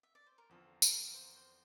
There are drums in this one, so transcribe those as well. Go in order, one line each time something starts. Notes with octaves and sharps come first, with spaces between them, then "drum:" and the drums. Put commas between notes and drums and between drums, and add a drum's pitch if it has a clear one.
E5
D5
C5
A#4
E2 D3 F3 C4 F4 A4
A#4, drum: tambourine
C5
C5